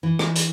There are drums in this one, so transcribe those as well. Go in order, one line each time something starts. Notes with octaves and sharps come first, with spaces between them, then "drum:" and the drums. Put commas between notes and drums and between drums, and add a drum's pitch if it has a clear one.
E3
drum: rim click
drum: hi-hat